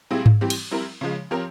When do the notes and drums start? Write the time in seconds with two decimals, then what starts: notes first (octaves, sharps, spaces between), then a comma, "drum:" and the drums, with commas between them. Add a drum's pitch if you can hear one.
0.11 A#2 G3 C4 E4 G#4
0.26 drum: tom G#2
0.41 E3 G3 C4 G4
0.50 drum: cymbal
0.71 G3 C4 E4 A#4
1.01 C#3 F3 G#3
1.31 F3 C4 G4 A#4 C#5